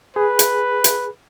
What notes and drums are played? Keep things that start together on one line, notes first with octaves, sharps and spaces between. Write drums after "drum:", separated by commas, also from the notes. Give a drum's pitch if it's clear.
G#4 B4
drum: hi-hat
drum: hi-hat